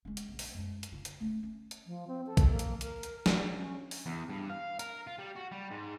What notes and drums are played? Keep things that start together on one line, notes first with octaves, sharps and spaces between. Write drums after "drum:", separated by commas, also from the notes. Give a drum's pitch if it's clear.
G#3 C#4
drum: hi-hat
D#1 A#1
drum: open hi-hat
F#2 G#3
drum: hi-hat
D3 F4
drum: hi-hat
A3 C#4
C#4
drum: hi-hat
F3
C4
A4
drum: kick B1, hi-hat
A#3
drum: hi-hat
A#4, drum: hi-hat
drum: hi-hat
D5, drum: snare
C#4
drum: open hi-hat
E2
G2
F5
A#4, drum: hi-hat
F4
G3
F#4
G3
G#2